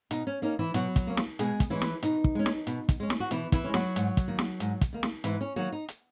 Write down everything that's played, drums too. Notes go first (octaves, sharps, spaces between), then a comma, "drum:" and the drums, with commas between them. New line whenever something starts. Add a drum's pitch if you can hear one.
B2 D#4, drum: hi-hat
C#4
A#3 C#4 D#4
E3 E4
B2 F#3 F#4, drum: hi-hat
drum: kick, hi-hat
A#3 C#4
drum: snare
B2 G#3 G#4, drum: hi-hat
drum: kick, hi-hat
E3 G#3 C#4 E4
drum: snare
B2 D#4, drum: hi-hat
drum: kick
G#3 C#4
drum: snare
B2, drum: hi-hat
drum: kick, hi-hat
G#3 C#4
drum: snare
F#4
B2 E3 E4, drum: hi-hat
E3 E4, drum: kick, hi-hat
G#3 C#4
F#3 F#4, drum: snare
G#2, drum: hi-hat
drum: kick, hi-hat
D#3 A#3
drum: snare
G#2, drum: hi-hat
drum: kick, hi-hat
D#3 A#3
drum: snare
G#2 E3 E4, drum: hi-hat
C#4
D#3 F#3 A#3 F#4
D#4
drum: hi-hat